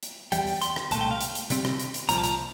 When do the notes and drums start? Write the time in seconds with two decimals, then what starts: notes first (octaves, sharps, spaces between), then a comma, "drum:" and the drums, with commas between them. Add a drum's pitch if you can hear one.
0.03 drum: hi-hat
0.32 E2 E3 G3 G5, drum: hi-hat
0.47 drum: open hi-hat
0.62 C6, drum: hi-hat
0.76 drum: rim click
0.91 C2 A#2 A3 A5, drum: hi-hat
1.01 G5
1.11 F5
1.21 drum: hi-hat
1.35 drum: hi-hat
1.50 C3 G3 C4, drum: hi-hat
1.65 drum: rim click
1.79 drum: hi-hat
1.94 drum: hi-hat
2.09 C2 A#2 F3 A#5, drum: hi-hat
2.18 A5
2.24 A#5, drum: hi-hat